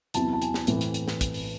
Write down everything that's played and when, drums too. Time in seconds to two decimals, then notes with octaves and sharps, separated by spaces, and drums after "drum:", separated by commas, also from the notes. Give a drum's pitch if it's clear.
0.14 E2 C3 F#3 C4 E4 A5, drum: hi-hat
0.33 A5
0.42 G#5, drum: hi-hat
0.54 drum: snare
0.67 A2 E3 C4 E4, drum: hi-hat
0.81 drum: hi-hat
0.94 drum: hi-hat
1.08 drum: snare
1.21 drum: kick, hi-hat
1.34 drum: open hi-hat